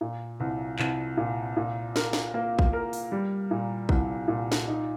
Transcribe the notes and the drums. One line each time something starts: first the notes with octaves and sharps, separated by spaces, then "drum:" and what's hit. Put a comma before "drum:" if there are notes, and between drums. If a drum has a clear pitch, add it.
A#2
C2
C2, drum: clap
A#2
A#2
A#4, drum: snare
drum: snare
A#3
drum: kick
A#4
drum: open hi-hat
G3
A#2
C2, drum: kick
A#2
drum: snare
D#4